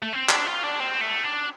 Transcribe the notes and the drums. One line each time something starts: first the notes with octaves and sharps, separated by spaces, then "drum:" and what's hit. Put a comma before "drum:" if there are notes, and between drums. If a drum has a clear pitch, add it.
A3
C4
D4, drum: clap
F4
D4
C4
A3
D4